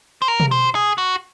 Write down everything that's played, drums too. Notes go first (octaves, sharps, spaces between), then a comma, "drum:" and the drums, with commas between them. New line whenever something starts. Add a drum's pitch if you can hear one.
C5
A#4
drum: tom
C5
G#4
F#4